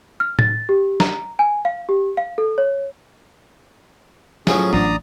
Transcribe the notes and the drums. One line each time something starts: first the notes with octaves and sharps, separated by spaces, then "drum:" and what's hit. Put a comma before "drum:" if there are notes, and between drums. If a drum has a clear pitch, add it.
F6
A6, drum: tom A2
G4
A#5, drum: snare
G#5
F5
G4
F5
A4
C#5
A2 F3 F#3 C#4 G#4, drum: snare
A1 D4 D5 A#5 D#6, drum: tom A2